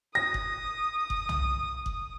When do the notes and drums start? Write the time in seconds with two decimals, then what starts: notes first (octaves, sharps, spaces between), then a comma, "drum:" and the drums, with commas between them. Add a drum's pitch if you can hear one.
0.15 D#6 A#6
0.34 drum: kick F#1
1.10 drum: kick F#1
1.29 drum: tom
1.86 drum: kick F#1